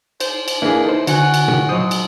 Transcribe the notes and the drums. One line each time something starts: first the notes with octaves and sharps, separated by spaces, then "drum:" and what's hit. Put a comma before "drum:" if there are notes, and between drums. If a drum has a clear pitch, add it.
C5, drum: cymbal
drum: cymbal
E3 A#3 D4 G#4
D#4 E4 A4 C5
D3 F#4 G#5 F#6, drum: cymbal
drum: cymbal
drum: tom A#2
F#3 G#3 C5 D#6
drum: cymbal